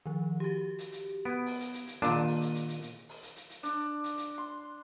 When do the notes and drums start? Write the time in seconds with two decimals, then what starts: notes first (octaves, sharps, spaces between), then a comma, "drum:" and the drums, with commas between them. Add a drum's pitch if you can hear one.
0.06 D#3 F3
0.40 F#4 G4
0.79 drum: hi-hat
0.92 drum: hi-hat
1.25 B3 G#6 D7
1.46 drum: open hi-hat
1.60 drum: hi-hat
1.73 drum: hi-hat
1.87 drum: hi-hat
2.02 A#2 D#3 A#3 D4 A5 D#7, drum: hi-hat
2.28 drum: open hi-hat
2.41 drum: hi-hat
2.55 drum: hi-hat
2.68 drum: hi-hat
2.82 drum: hi-hat
3.09 drum: open hi-hat
3.22 drum: hi-hat
3.36 drum: hi-hat
3.50 drum: hi-hat
3.63 D4, drum: hi-hat
4.04 drum: hi-hat
4.17 drum: hi-hat
4.38 C6